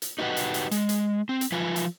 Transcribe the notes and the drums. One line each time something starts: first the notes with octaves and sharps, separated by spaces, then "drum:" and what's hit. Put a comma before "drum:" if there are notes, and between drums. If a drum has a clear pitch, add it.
drum: hi-hat
D#4 F#4 G4 B4 D#5 F#5
drum: hi-hat
drum: hi-hat
G#3, drum: hi-hat
drum: hi-hat
C4
drum: hi-hat
F3 F4 B4 G#5
drum: hi-hat